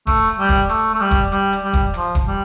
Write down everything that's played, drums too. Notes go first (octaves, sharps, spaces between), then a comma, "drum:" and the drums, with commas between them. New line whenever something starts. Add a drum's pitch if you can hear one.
A3, drum: kick, hi-hat
drum: hi-hat
G3
drum: kick, hi-hat
A3, drum: hi-hat
A3
G3
drum: kick, hi-hat
G3, drum: hi-hat
drum: hi-hat
G3
drum: kick, hi-hat
F3, drum: hi-hat
drum: kick, hi-hat
G3